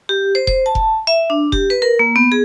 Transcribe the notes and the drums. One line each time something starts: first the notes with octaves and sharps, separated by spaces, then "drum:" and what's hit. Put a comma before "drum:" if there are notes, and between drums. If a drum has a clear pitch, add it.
G4
C5
C5, drum: kick F1
A5
drum: kick F1
E5
D4
G4, drum: kick F1
B4
A#4
A#3
B3
G#4